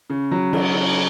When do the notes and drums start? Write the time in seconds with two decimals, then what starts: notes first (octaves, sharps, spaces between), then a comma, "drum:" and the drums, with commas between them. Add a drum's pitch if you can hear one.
0.10 C#3
0.31 F#3
0.53 F#3, drum: cymbal
0.74 C#3